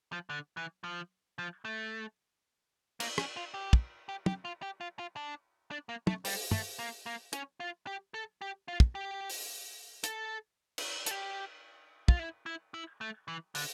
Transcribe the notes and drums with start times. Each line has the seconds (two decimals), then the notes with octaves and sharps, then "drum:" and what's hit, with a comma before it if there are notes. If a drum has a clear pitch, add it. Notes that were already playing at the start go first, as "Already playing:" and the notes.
0.12 F3
0.30 D3
0.57 E3
0.84 F3
1.38 F3
1.65 A3
3.00 A#3, drum: cymbal
3.18 C#4, drum: rim click
3.36 F4
3.54 G4
3.73 drum: kick
4.09 G4
4.26 G4, drum: tom
4.45 F4
4.62 G4
4.81 F4
4.99 F4
5.16 D4
5.71 D4
5.89 A#3
6.07 A3, drum: tom
6.25 G3, drum: open hi-hat
6.51 A3, drum: tom
6.79 A#3
7.06 A#3
7.33 C#4, drum: hi-hat
7.60 F4
7.87 G4
8.14 A4
8.42 G4
8.68 F4
8.80 drum: kick
8.95 G4
9.30 drum: open hi-hat
10.04 A4, drum: hi-hat
10.78 drum: cymbal
11.06 A4, drum: hi-hat
11.11 G4
12.08 F4, drum: kick
12.19 E4
12.46 E4
12.74 E4
13.01 A3
13.28 E3
13.55 D3, drum: open hi-hat